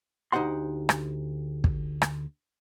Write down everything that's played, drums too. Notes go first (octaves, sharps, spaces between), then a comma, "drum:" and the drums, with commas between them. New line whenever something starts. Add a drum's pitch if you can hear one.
D2 D#4 G4 C5 F#5 C6
drum: rim click
drum: kick
drum: rim click